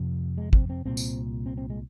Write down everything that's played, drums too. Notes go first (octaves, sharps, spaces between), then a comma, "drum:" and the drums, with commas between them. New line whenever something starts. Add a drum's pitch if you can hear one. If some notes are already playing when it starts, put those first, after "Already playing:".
Already playing: F2 C3
G#3
C4, drum: kick
C4
C2 A#2 C4
drum: tambourine
C4
C4
G#3